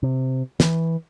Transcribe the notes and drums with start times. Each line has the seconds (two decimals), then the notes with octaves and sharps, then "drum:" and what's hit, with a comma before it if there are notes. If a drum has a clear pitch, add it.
0.03 C3
0.60 E3, drum: snare